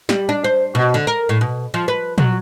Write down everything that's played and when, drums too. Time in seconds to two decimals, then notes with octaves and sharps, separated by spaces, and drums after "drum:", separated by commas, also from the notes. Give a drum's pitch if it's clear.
0.09 G3, drum: snare
0.29 D4
0.44 C5
0.75 B2
0.94 D3
1.07 A#4
1.29 A2
1.41 B2
1.74 F3
1.88 B4
2.18 F#3, drum: tom A#2